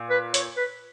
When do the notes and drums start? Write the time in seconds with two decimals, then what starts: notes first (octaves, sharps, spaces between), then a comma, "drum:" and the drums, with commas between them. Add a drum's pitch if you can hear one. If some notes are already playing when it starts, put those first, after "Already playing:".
Already playing: A#2
0.10 B4
0.34 C#5, drum: hi-hat
0.57 B4